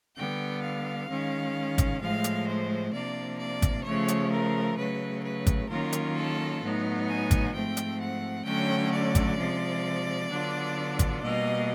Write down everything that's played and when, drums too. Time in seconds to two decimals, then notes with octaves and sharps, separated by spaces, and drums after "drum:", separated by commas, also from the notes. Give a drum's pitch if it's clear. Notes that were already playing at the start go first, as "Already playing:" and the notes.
0.17 D3 G3 B3 G5
0.63 F5
1.09 D#3 G#3 C#4
1.78 drum: kick, hi-hat
2.01 A2 F3 G#3 F5
2.24 drum: hi-hat
2.47 C5
2.93 C3 F3 A#3 D4 D5
3.39 D5
3.62 drum: kick, hi-hat
3.85 C#3 F3 A3 C#5
4.08 drum: hi-hat
4.31 A#4
4.77 C#3 F#3 A3 B4
5.24 B4
5.46 drum: kick, hi-hat
5.69 D#3 F#3 A#3 C#4 F4 A#4
5.93 drum: hi-hat
6.16 A4
6.62 A2 F#3 B3 D#4
7.08 G#5
7.31 drum: kick, hi-hat
7.54 G#2 F3 A3 C4 G5
7.77 drum: hi-hat
8.00 F#5
8.45 D3 F#3 A3 C#4 G5
8.92 D5
9.15 drum: kick, hi-hat
9.39 C3 F3 G#3
10.30 D3 F#3 B3 D4 F4
10.99 drum: kick, hi-hat
11.22 B2 G3 A#3 D#5